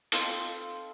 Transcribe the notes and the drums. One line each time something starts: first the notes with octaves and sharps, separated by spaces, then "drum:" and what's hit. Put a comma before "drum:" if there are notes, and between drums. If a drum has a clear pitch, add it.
C4 D#4 F4 A4, drum: hi-hat